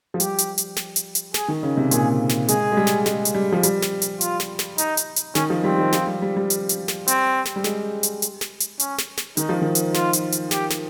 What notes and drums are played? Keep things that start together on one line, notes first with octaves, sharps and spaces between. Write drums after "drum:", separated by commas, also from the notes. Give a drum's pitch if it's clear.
F3
G3 G4, drum: hi-hat
drum: hi-hat
drum: hi-hat
drum: snare
drum: hi-hat
drum: hi-hat
G#4, drum: snare
D#3
C#3
C3
A#2 G#4, drum: hi-hat
drum: snare
G#3 G#4, drum: hi-hat
G#3
G3
drum: snare
G#3, drum: snare
drum: hi-hat
G3
F3
G3, drum: hi-hat
drum: snare
drum: hi-hat
F4, drum: hi-hat
drum: snare
drum: snare
D#4, drum: hi-hat
drum: hi-hat
drum: hi-hat
D#3 C#4, drum: snare
F3
G3 C4
D#3
F3, drum: snare
G3
G3
G3
drum: hi-hat
drum: hi-hat
drum: snare
C4, drum: hi-hat
drum: snare
G3
G#3, drum: snare
drum: hi-hat
drum: hi-hat
drum: snare
drum: hi-hat
C#4, drum: hi-hat
drum: snare
drum: snare
D#3 D#4, drum: hi-hat
F3
D#3
drum: hi-hat
F4, drum: snare
drum: hi-hat
drum: hi-hat
G4, drum: snare
drum: snare